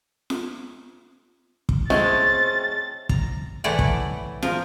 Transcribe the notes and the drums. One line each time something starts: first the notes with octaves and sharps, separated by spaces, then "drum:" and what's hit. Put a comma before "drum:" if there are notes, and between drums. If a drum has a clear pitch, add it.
drum: snare
drum: kick
G#3 A3 C4 C#4 A6, drum: snare
A#5, drum: kick
A2 E3 A3 E4 D5 F#5
drum: kick
F3 A#4, drum: snare